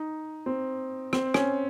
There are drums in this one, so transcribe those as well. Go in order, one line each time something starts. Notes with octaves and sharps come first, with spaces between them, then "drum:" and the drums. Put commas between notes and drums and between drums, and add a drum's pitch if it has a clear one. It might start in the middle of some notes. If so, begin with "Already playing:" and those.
Already playing: D#4
C4
C4, drum: rim click
C#4, drum: rim click